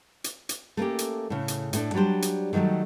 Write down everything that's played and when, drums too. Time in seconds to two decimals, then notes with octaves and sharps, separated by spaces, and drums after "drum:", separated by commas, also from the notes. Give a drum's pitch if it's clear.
0.24 drum: hi-hat
0.49 drum: hi-hat
0.77 A3 A#3 C#4 G4
0.99 drum: hi-hat
1.30 A2 C#3
1.48 drum: hi-hat
1.73 A2 A3 D4, drum: hi-hat
1.94 F#3 G3 D4 G4 C5
2.22 drum: hi-hat
2.53 D3 D#3 F#3 G3 A3